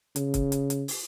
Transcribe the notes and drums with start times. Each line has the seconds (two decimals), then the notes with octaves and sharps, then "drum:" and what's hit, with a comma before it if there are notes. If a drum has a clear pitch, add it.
0.16 C#3, drum: hi-hat
0.34 drum: kick, hi-hat
0.52 drum: hi-hat
0.70 drum: hi-hat
0.88 drum: open hi-hat